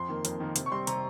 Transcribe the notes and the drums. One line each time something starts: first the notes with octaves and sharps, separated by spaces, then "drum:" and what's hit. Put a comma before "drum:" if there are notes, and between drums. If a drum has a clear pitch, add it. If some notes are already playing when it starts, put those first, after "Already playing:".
Already playing: F2 C6
D#3 A#3
F2, drum: hi-hat
D#3 A#3
C3, drum: hi-hat
C#6
G3 C4 C6
C3 A#5, drum: hi-hat